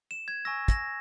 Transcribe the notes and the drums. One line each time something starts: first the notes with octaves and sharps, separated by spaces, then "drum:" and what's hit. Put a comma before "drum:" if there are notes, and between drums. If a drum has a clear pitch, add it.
E7
G#6
G#5 C#6 E6 A#6
A#6, drum: kick, hi-hat